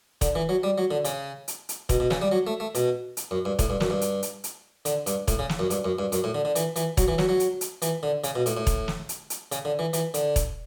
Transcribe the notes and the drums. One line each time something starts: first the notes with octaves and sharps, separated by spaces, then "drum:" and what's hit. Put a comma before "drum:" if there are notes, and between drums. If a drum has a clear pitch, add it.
D3, drum: kick E1, hi-hat
E3
F#3
G3
F#3
D3
C#3, drum: hi-hat
drum: hi-hat
drum: hi-hat
B2, drum: kick E1, hi-hat
B2
C#3, drum: snare
G3
F#3
A3
A3
B2, drum: hi-hat
drum: hi-hat
F#2
G2
A2, drum: kick E1, hi-hat
G2
F#2, drum: snare
G2
drum: hi-hat
drum: hi-hat
drum: hi-hat
D3, drum: hi-hat
G2, drum: hi-hat
A2, drum: kick E1, hi-hat
C#3
drum: snare
F#2
G2, drum: hi-hat
F#2
G2
F#2, drum: hi-hat
A2
D3
D3
E3, drum: hi-hat
E3, drum: hi-hat
F#3, drum: kick E1, hi-hat
E3
F#3, drum: snare
F#3
drum: hi-hat
drum: hi-hat
E3, drum: hi-hat
D3
C#3, drum: hi-hat
B2
A2, drum: hi-hat
A2
drum: kick E1, hi-hat
drum: snare
drum: hi-hat
drum: hi-hat
C#3, drum: hi-hat
D3
E3
E3, drum: hi-hat
D3, drum: hi-hat
drum: kick E1, hi-hat